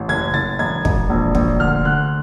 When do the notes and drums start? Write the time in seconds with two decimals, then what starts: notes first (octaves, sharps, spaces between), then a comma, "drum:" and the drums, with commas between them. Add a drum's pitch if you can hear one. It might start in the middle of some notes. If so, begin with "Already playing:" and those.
Already playing: A1
0.09 F#1 G#6
0.34 F#1 A6
0.59 E1 G#6
0.85 E1, drum: kick
1.10 A#1
1.35 A#1, drum: kick
1.60 D2 F6
1.85 D2 F#6